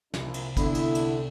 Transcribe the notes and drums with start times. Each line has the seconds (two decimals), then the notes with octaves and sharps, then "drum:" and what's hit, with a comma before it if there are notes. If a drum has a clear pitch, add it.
0.14 C2 A#2 D4 E4, drum: snare
0.34 drum: cymbal
0.57 D3 B3 E4, drum: kick, cymbal
0.75 drum: cymbal
0.95 drum: cymbal